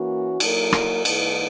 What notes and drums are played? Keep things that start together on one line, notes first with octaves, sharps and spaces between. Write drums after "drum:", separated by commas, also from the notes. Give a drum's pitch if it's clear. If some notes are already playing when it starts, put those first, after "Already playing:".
Already playing: E3 A#3 C#4 F#4
F#3 A#3 E4 A#4, drum: cymbal
drum: rim click
G#2 E3 A#3 E4 B4, drum: cymbal